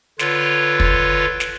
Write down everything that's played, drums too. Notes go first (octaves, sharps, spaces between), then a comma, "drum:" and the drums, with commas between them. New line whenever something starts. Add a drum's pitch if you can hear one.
D3 F4 B4 C#5, drum: snare
drum: kick
drum: snare